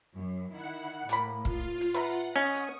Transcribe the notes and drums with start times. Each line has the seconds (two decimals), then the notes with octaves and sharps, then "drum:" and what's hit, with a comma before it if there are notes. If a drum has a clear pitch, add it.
0.16 F#2
0.52 D#3 E4 F#5
1.09 A2 G3 A#3 B5, drum: hi-hat
1.45 F4, drum: kick
1.81 drum: hi-hat
1.94 B4 E5 F#5 A#5
2.36 C#4 D#5 C#6 D#6
2.55 drum: hi-hat